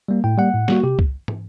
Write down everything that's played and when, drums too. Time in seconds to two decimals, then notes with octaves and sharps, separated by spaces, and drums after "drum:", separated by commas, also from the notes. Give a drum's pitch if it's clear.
0.08 G3 A#3
0.24 A2 G5
0.38 G3 A#3 F#5
0.54 A2
0.68 G3 A#3 F#4, drum: snare
0.83 C3 G4
0.99 drum: kick C2
1.28 drum: tom